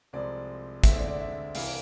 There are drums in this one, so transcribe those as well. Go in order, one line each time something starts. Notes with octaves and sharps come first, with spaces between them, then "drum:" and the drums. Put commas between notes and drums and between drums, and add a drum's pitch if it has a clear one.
C2 C3 F3 G#3 C4 D5
D2 D3 G#3 C4 E5, drum: kick, hi-hat
D5
D5
E5
C2 C3 E3 F5, drum: open hi-hat